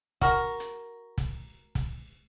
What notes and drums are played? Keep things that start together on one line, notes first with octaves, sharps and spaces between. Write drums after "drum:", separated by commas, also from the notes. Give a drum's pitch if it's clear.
F#4 A#4, drum: kick, hi-hat
drum: hi-hat
drum: kick, hi-hat
drum: kick, hi-hat